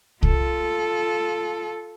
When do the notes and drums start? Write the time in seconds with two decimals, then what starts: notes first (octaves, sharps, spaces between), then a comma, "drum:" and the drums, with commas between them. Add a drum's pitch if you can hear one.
0.23 F4 A4, drum: kick C2